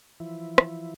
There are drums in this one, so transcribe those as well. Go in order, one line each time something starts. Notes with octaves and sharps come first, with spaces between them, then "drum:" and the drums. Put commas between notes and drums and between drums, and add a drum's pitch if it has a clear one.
E3 F3 E4
drum: rim click